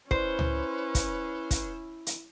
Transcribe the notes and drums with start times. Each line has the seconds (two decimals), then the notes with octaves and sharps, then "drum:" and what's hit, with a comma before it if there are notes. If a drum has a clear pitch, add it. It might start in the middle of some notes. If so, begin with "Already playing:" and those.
0.11 C#4 E4 B4 C5, drum: kick
0.39 drum: tom C#2
0.95 drum: kick, hi-hat
1.51 drum: kick, hi-hat
2.07 drum: hi-hat